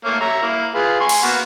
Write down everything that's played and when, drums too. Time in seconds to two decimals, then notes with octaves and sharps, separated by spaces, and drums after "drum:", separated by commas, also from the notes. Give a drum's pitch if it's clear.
0.05 A3 A#3 C#5
0.20 C#5 E5 A#5
0.42 A#3 E4
0.74 F4 G#4 B4
1.00 G#5 C6 C#6
1.09 drum: cymbal
1.23 A#3 B3 F#4